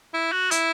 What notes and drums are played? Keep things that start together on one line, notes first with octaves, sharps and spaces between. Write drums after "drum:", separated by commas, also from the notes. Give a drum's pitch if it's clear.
E4
F#4
E4, drum: hi-hat